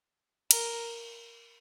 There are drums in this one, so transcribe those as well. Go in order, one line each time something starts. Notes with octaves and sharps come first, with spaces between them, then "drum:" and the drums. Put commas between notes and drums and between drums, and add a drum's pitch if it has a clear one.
A#4, drum: cymbal